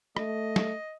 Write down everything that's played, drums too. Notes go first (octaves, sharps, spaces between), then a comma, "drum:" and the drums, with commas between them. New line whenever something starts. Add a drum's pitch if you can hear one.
A3 D#5, drum: rim click
drum: snare